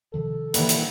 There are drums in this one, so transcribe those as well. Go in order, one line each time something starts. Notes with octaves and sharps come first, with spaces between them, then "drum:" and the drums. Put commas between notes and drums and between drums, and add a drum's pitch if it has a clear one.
C3 D#3 F3 A4
A#2 D3 E3 G3 E4, drum: hi-hat
drum: hi-hat